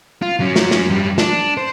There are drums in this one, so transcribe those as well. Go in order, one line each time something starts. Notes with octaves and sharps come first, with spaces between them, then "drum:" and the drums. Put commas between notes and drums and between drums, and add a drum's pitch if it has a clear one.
F4
F#3 C#4
drum: snare
drum: snare
F#2 G3
D4, drum: snare
C5